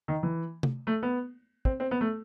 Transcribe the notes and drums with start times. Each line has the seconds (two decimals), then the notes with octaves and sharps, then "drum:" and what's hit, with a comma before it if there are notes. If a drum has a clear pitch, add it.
0.08 D#3
0.23 E3
0.63 drum: tom C3
0.87 A3
1.03 B3
1.65 C4, drum: kick
1.80 C4
1.91 B3
2.01 A3